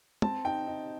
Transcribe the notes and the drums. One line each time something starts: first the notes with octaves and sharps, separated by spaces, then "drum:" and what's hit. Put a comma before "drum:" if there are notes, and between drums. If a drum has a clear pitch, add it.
C4 A5, drum: tom
D#4 G5
D#4